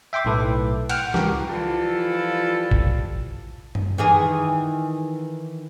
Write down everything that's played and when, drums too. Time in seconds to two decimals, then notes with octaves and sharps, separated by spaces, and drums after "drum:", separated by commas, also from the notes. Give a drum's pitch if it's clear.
0.13 E5 G5 C6 D6
0.25 B1 A2 E4 A4 B4
0.89 F#5 G5 F6, drum: cymbal
1.14 C#2 E3 F#4 G4 A#4, drum: snare
1.49 E3 F3 G3 F4 A4
2.71 drum: kick
3.75 drum: tom F#2
3.98 D#3 E3 G#4